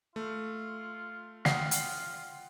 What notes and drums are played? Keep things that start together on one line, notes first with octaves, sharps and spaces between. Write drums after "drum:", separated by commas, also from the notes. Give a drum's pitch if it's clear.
A3 F4
F4 F#5 G5 D#6 C7, drum: snare
drum: hi-hat